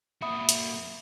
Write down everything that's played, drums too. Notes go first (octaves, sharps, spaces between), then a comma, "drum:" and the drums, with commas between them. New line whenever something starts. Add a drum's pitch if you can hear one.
A#2 F#4 E5 B5 D#6
drum: hi-hat